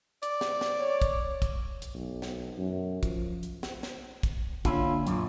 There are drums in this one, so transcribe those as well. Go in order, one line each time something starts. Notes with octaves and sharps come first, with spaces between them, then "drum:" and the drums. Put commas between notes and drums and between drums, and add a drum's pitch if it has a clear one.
D5, drum: hi-hat
drum: snare
drum: snare
C#5
drum: kick, hi-hat
drum: kick, hi-hat
drum: hi-hat
B1
drum: snare
F#2
F3, drum: kick, hi-hat
drum: hi-hat
drum: snare
drum: snare
drum: kick, hi-hat
D3 A#3 C#4 D4 E4 F4, drum: kick, hi-hat
F#2 A#2, drum: hi-hat